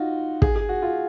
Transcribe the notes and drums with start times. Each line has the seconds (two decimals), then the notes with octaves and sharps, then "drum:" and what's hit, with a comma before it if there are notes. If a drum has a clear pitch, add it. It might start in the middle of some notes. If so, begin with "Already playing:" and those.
Already playing: D#4 F4 F#4
0.42 G#4, drum: kick
0.56 G#4
0.69 F#4
0.82 F4